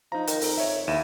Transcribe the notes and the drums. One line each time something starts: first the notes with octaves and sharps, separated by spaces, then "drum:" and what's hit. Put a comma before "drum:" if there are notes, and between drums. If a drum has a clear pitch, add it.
F3 D#4 A#5
D#3, drum: hi-hat
F2, drum: open hi-hat
C#5 E5
D#2 E4 D#7 E7